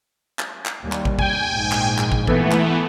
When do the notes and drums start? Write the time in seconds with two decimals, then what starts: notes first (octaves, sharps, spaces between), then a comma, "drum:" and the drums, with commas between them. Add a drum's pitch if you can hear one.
0.39 drum: clap
0.66 drum: clap
0.83 D#2 G3
0.92 drum: clap
1.05 drum: kick
1.19 G5 G#5, drum: kick
1.52 A#1 G#2
1.72 drum: clap
1.98 drum: clap
2.12 drum: kick
2.27 E3 A3 B3, drum: kick
2.51 drum: clap